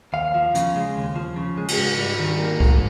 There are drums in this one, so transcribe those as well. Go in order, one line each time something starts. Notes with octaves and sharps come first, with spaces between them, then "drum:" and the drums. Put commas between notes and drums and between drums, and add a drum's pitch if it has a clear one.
D#2 F5
F3
C#3, drum: hi-hat
G#3
D#2
F3
C#3
G#3
drum: cymbal
G#2
G3
D#3
A#3
G#2, drum: kick